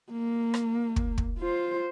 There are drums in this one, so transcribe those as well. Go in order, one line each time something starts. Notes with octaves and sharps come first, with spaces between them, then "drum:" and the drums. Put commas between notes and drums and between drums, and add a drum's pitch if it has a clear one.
A#3
drum: rim click
drum: kick
drum: kick
F4 C5